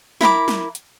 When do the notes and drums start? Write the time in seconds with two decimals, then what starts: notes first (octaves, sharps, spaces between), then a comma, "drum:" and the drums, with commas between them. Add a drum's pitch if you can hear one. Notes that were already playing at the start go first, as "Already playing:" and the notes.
0.21 E4 A#4 B5 D6, drum: snare
0.48 drum: snare
0.75 drum: hi-hat